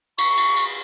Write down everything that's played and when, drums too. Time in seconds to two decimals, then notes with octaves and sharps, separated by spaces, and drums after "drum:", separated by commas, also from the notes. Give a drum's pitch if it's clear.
0.18 C#6, drum: cymbal
0.37 drum: cymbal
0.56 drum: cymbal